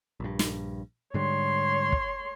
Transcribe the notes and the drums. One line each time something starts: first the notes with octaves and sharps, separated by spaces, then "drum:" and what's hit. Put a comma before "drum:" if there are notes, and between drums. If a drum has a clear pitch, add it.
A#1 G2
drum: snare
G#2 D3 G3 C#5 C6
drum: kick